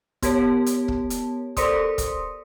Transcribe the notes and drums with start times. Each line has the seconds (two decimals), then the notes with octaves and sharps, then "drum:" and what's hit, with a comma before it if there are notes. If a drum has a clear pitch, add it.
0.23 B3 G4 A#4 C#5 A5, drum: kick, hi-hat
0.66 drum: hi-hat
0.88 drum: kick
1.10 drum: hi-hat
1.57 A4 A#4 C5 D5 C6 D#6, drum: kick, hi-hat
1.98 drum: kick, hi-hat